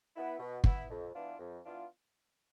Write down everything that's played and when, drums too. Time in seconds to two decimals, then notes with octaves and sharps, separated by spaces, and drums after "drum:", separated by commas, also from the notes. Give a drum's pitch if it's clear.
0.14 B3 E4
0.39 B2
0.64 B3 E4, drum: kick
0.89 F2
1.13 E3 B3 D4 F4
1.39 F2
1.64 E3 B3 D4 F4